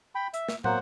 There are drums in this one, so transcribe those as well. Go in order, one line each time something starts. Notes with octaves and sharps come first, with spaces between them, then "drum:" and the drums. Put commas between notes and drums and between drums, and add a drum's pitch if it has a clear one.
G5 B5
E5, drum: hi-hat
drum: snare
F#3 A#3 C5 F#5, drum: tom